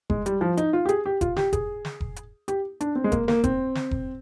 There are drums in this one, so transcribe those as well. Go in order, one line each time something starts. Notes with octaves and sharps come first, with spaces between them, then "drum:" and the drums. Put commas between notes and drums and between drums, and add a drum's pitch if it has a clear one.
G#3, drum: kick F1
G3, drum: hi-hat
F3
D#4, drum: hi-hat
F4
G4
G#4, drum: hi-hat
G4
F4, drum: kick F1, hi-hat
G4, drum: snare
G#4, drum: kick F1, hi-hat
drum: snare
drum: kick F1
drum: hi-hat
G4, drum: hi-hat
D4, drum: hi-hat
C4
G#3
A#3, drum: kick F1, hi-hat
A#3, drum: snare
C4, drum: kick F1, hi-hat
drum: snare
drum: kick F1